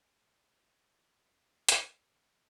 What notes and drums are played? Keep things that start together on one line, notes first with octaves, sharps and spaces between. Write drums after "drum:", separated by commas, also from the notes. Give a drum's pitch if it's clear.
E5
D5
G#4 E5
C6
A#4 D#5, drum: hi-hat
B4 D#5